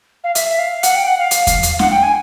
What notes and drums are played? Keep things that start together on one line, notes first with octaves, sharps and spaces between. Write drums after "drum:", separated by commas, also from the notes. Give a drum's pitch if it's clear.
F5
E5, drum: hi-hat
F5
F#5, drum: hi-hat
G5
F#5
F5
drum: hi-hat
drum: kick E2, hi-hat
drum: hi-hat
F#5, drum: snare
G5
G#5